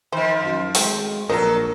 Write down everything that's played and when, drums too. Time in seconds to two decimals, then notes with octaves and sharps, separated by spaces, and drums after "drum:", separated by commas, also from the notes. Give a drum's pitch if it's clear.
0.12 D#3 F3 C5
0.44 F#2
0.75 F#3 G#3 A3 C4, drum: open hi-hat
1.30 A#1 F#3 D#4 A4 A#4 A#5